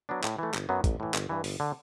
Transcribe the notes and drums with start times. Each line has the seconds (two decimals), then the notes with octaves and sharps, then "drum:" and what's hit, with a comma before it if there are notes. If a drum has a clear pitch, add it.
0.09 F#3 B3 D4
0.24 A2, drum: clap
0.39 E3 A3
0.54 G1, drum: clap
0.69 F#2 F#3 B3
0.84 A1, drum: kick, hi-hat
1.00 A2 E3
1.14 G1, drum: clap
1.29 G2 E3
1.44 G1, drum: open hi-hat
1.60 D3